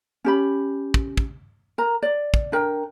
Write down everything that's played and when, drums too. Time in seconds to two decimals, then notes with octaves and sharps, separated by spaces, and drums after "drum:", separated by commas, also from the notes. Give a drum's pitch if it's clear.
0.24 C#4 G4 B5
0.94 drum: kick
1.17 drum: kick
1.78 A#4 A#5
2.03 D5
2.34 drum: kick
2.52 D4 A#4 G5